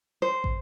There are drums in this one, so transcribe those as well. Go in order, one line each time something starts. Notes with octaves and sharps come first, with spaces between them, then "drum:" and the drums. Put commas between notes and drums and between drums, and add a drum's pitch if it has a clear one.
C5
drum: kick